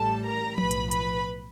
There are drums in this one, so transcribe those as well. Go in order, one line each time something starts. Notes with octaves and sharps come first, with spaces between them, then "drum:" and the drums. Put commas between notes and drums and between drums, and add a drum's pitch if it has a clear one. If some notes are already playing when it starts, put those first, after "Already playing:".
Already playing: A1 A2 E3 G3 A4 A5
A#4 A#5
B1 A2 F3 B4 B5, drum: tom F3
drum: hi-hat
B4 B5, drum: hi-hat